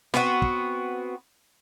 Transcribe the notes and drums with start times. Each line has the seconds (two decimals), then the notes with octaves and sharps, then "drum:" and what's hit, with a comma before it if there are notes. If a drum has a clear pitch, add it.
0.14 B3 C4 F#4, drum: snare
0.42 drum: kick